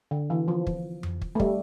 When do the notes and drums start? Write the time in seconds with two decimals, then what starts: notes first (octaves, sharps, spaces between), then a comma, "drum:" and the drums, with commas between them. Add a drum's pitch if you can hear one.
0.11 D3
0.30 E3
0.48 F3
0.67 drum: kick
1.03 drum: tom F2
1.22 drum: kick
1.35 A3
1.40 G3, drum: kick